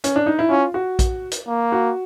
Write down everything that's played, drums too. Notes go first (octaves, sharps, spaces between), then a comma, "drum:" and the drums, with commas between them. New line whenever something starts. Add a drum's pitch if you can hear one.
C#4, drum: hi-hat
D4
D#4
E4
C#4 F4
F#4
drum: kick A#1, hi-hat
drum: hi-hat
A#3
F#4